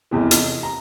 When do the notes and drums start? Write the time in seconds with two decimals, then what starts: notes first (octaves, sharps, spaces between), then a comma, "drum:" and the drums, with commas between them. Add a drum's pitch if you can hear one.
0.11 F1 E2 C3 E3
0.31 drum: hi-hat
0.63 A#5